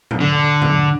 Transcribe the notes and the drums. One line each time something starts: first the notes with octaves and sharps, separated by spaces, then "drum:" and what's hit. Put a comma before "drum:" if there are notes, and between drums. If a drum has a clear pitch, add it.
drum: tom
D3
drum: tom